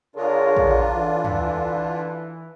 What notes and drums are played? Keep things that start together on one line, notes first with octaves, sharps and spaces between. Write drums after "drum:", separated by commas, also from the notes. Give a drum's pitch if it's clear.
D3 D4 F4 G#4 A#4 C#5
drum: kick
E3
drum: tom